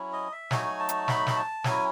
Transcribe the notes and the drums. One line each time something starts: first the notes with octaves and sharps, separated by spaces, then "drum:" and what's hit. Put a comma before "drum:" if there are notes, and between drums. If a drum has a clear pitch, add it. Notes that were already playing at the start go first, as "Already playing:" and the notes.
Already playing: F#3 C#4 E4
D#5
E5
F#3 A3 D#4 F#4 G#5, drum: snare
A5
drum: hi-hat
B5, drum: snare
drum: snare
A5
F#3 C#4 E4 G#5, drum: snare